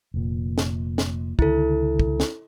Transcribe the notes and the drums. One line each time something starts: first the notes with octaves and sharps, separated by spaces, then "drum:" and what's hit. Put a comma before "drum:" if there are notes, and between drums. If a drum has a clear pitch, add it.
F1 A#2
drum: snare
drum: snare
C#2 D3 D#3 E4 A4, drum: kick
drum: kick
drum: snare